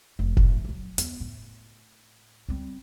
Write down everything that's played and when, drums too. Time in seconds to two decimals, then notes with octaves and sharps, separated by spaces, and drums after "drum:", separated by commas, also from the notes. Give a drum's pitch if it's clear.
0.19 F1
0.37 F2 A2, drum: kick F1
0.65 F3 F#3
0.98 E2, drum: hi-hat
1.21 A2
2.49 G3 C4